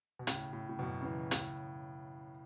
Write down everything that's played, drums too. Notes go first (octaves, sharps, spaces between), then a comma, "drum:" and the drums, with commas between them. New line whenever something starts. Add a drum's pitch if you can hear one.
B2
A2 C#3, drum: hi-hat
A2
A2
F#2 B2
C#3
B2 E3
A2 C#3, drum: hi-hat